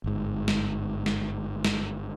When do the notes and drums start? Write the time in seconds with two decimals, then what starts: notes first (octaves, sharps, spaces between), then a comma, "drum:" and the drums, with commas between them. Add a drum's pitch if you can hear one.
0.04 G1 G#2
0.48 drum: snare
1.06 drum: snare
1.65 drum: snare